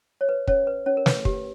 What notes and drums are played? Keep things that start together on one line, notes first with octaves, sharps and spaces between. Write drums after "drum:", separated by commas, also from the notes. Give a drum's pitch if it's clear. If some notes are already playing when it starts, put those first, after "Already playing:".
C#5
B4
C#4 C#5, drum: kick
B4
C#4 C#5
A#4
B4, drum: snare
G4, drum: kick